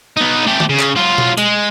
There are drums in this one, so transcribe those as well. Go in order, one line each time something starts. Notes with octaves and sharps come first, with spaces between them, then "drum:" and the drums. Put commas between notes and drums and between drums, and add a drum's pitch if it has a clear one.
B3 D#4
A3 G4
drum: tom D#3
C#3
drum: clap
F#3 F4
drum: tom B2
G#3, drum: hi-hat